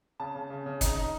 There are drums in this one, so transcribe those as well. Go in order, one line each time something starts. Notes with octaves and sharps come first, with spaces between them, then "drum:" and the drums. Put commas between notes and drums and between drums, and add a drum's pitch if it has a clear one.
C#3 A5
C#3
C#3
C#3
D#4, drum: kick, hi-hat
D#4